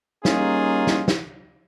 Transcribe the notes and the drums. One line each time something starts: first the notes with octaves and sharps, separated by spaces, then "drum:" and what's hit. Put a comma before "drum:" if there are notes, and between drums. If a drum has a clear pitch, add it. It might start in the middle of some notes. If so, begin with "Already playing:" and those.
G3 A#3 C#4 D#4 F4 G#4, drum: snare
drum: snare
drum: snare